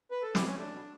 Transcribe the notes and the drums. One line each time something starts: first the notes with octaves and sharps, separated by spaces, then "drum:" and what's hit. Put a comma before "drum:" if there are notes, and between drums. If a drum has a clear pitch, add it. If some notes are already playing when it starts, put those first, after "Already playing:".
B4
A4
B2 E4 G4, drum: snare
C#4
A3
D4
B2